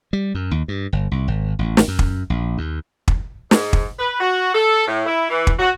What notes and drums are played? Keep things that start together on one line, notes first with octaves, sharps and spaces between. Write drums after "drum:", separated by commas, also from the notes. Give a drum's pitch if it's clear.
G3
F#2
D#2
G2
G1
C2
G#1
A1
drum: snare
F#2
drum: kick
A#1
D#2
drum: kick
G#2, drum: snare
drum: kick
B4
F#4
A4
A2
E4
E3
drum: kick
F#4